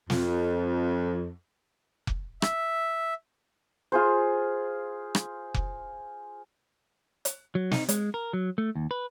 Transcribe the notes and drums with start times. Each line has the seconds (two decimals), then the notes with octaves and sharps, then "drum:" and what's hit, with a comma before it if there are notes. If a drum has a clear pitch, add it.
0.10 F2, drum: snare
2.07 drum: kick F1
2.42 E5, drum: rim click
3.92 F4 G#4 C5
5.15 drum: rim click
5.54 drum: kick F1
7.25 drum: hi-hat
7.55 F#3
7.71 D#4, drum: snare
7.89 G#3, drum: hi-hat
8.14 A#4
8.33 F#3
8.58 A3
8.76 D#2
8.91 B4